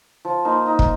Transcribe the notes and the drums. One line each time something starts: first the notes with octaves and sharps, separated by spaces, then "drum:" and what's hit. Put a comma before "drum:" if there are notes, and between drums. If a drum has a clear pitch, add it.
F3
A#3 D#4 C5
D#4
drum: kick